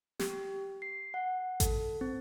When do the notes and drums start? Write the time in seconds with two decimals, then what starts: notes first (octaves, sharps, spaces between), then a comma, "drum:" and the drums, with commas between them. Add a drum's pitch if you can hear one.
0.20 G4, drum: snare
0.82 C7
1.14 F#5
1.60 A4, drum: kick A1, hi-hat
2.01 C4